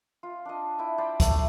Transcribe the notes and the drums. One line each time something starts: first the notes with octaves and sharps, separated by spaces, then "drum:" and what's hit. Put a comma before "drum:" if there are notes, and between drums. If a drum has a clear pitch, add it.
F4
D4 D#5
E4 G5
C5 D5 G5 B5
A3, drum: kick, hi-hat